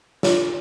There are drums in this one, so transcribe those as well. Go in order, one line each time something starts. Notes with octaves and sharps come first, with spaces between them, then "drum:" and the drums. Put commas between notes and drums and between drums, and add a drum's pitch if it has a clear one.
F4, drum: snare